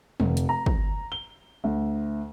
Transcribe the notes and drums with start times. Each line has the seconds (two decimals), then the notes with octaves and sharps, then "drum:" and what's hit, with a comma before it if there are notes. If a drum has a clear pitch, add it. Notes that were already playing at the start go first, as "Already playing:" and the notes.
0.20 F1, drum: tom
0.37 drum: hi-hat
0.49 A#5
0.66 drum: kick
1.12 G7
1.64 D2